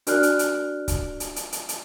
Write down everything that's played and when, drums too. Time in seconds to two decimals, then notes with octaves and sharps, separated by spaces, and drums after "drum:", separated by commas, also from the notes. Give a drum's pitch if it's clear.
0.07 D4 F#4 A#4 D5 F6 F#6, drum: hi-hat
0.23 drum: hi-hat
0.39 drum: hi-hat
0.88 drum: kick C#1, hi-hat
1.20 drum: hi-hat
1.36 drum: hi-hat
1.52 drum: hi-hat
1.69 drum: hi-hat